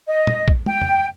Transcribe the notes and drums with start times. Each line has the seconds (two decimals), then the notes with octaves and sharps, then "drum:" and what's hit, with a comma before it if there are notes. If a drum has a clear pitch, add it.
0.06 D#5
0.27 drum: tom
0.48 drum: kick
0.66 G5, drum: tom
0.81 drum: tom